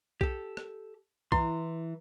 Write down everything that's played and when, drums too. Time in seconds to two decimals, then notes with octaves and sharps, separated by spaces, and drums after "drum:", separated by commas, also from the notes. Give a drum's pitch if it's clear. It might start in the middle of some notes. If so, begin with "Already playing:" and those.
0.21 G4 A4, drum: kick B1
0.57 drum: rim click
1.32 E3 E4 C6, drum: kick B1